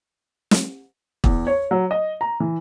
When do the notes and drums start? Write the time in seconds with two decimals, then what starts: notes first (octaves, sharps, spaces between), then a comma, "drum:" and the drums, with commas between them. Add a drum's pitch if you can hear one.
0.51 drum: snare
1.24 E2, drum: kick
1.47 C#5
1.71 F#3
1.91 D#5
2.21 A#5
2.40 E3